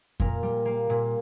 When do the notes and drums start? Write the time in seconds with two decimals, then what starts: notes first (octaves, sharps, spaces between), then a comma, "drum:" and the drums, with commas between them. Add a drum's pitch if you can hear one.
0.20 A#2 A#4, drum: kick F2
0.43 G3
0.65 A#3
0.90 A#2